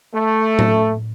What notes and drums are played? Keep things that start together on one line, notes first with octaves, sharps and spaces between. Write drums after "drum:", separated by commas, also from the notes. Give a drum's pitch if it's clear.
A3
drum: tom A2